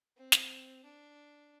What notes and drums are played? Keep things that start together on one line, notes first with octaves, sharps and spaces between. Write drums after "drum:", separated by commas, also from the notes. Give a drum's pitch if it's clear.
C4
drum: snare
D4